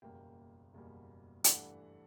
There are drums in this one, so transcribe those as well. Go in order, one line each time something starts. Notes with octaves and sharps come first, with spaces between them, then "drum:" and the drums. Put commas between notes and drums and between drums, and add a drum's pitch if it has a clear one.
F#1 E2 B2 G3 A#3 G5
F#1 E2 B2 G3 A#3
G2 E3 A3 D4 F#5, drum: hi-hat